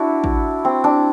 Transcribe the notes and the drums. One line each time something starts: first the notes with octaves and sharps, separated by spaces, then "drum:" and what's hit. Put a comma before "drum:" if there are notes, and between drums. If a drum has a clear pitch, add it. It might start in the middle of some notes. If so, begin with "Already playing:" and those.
Already playing: D4 E4 F#4
drum: kick
C4
D4